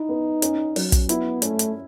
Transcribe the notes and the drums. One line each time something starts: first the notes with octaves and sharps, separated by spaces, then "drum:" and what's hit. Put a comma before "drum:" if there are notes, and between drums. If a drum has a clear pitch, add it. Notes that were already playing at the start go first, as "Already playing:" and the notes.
Already playing: D#4 E4
B3
C#4, drum: hi-hat
F#3, drum: open hi-hat
drum: kick, hi-hat
B3 E4, drum: hi-hat
A3 C#4, drum: hi-hat
drum: hi-hat